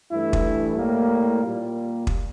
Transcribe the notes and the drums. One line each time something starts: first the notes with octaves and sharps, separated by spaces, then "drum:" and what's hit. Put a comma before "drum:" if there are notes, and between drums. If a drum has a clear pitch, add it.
G2 E3 A3 E4
drum: kick
A2 G3 A#3
A#2 G3 A#3
drum: kick